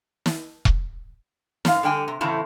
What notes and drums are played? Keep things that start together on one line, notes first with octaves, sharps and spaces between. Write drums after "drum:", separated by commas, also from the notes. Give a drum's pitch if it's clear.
drum: snare
drum: kick E1
F#2 F5, drum: snare
D3 G3 G5 G#5
C3
A2 C#3 E3 A3 C4 E4